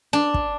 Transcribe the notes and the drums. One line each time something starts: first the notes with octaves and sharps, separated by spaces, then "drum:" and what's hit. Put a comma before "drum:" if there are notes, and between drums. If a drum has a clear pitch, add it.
D4
drum: kick